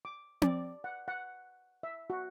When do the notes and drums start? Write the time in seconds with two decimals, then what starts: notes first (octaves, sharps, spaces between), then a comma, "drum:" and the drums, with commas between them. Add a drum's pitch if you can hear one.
0.05 D6
0.42 D5, drum: tom C4
0.84 F#5
1.08 F#5
1.83 E5
2.10 F#4